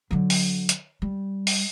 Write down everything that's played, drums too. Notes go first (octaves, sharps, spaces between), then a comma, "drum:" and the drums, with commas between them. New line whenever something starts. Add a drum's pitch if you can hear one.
D3 F#3
drum: open hi-hat
drum: hi-hat
G3
drum: open hi-hat